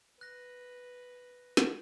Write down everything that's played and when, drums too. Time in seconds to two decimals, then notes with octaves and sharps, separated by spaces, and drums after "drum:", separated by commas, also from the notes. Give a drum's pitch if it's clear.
0.21 B4 F#6 A#6
1.57 drum: snare